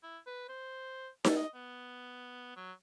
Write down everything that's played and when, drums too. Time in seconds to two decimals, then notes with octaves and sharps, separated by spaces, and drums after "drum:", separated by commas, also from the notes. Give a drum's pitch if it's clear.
0.03 E4
0.26 B4
0.48 C5
1.25 A4, drum: snare D#4
1.36 D#5
1.55 B3
2.56 F#3